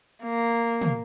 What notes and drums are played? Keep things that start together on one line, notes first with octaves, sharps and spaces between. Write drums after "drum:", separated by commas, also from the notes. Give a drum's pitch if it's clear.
A#3
drum: tom